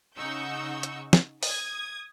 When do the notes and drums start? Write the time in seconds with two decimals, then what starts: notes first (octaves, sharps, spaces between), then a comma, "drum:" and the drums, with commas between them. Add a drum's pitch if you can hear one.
0.18 C#3 D#4 F#5 C#6 E6 G6
0.83 drum: hi-hat
1.13 drum: snare
1.43 D#6 G#6, drum: open hi-hat